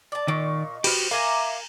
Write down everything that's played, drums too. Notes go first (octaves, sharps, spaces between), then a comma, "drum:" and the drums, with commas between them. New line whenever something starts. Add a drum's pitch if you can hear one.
D5 A5
A#2 D#3 D5 D#5 C#6
F3 F#4 G4 B4, drum: cymbal
A#4 E5 F5 G#5 A#5 D6